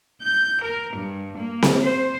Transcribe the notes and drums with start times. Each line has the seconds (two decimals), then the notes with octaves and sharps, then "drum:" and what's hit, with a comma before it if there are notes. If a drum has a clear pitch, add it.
0.21 G6
0.63 A#4
0.93 G2
1.37 A#3
1.62 drum: snare C4
1.83 C5